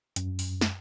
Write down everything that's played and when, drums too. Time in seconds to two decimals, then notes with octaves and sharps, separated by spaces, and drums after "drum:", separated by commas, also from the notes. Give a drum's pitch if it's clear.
0.16 F#2, drum: hi-hat
0.39 drum: open hi-hat
0.61 drum: snare